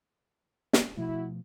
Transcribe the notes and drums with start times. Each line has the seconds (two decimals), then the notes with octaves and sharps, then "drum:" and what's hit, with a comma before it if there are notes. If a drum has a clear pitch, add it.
0.73 drum: snare
0.97 B2 F3 A3 E4 F#4